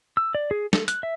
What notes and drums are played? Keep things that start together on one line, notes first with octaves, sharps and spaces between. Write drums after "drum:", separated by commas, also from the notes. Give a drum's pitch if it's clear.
E6
D5
G#4
A4, drum: snare
F#6, drum: hi-hat
E5